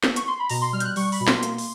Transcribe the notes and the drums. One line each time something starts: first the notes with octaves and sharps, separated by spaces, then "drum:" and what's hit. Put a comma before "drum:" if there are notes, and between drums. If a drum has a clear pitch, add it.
drum: snare
C#6, drum: hi-hat
C6
B5
B2 A#5, drum: open hi-hat
C6
G3 F6
G6, drum: hi-hat
F#6
G3 C#6, drum: open hi-hat
B5, drum: open hi-hat
B2
C6, drum: snare
A#3, drum: hi-hat
drum: open hi-hat